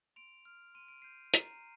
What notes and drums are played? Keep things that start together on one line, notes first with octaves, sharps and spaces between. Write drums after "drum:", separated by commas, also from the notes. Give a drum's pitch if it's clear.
C6 D7 F7
F6
C6 D#7
D7
G6 C7 D#7
A#5 C7 D#7, drum: hi-hat